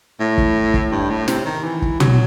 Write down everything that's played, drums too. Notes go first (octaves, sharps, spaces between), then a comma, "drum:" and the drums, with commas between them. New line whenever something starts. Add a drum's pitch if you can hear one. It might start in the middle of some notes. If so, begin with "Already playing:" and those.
A2
drum: kick
drum: kick
G2
A2
C3, drum: snare
D#3
E3
drum: kick
F#3, drum: tom